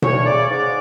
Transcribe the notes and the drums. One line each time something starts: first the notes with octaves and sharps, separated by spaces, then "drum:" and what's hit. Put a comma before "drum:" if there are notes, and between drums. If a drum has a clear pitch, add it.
D2 C#5, drum: tom B2
C#3 D5
G#2 D5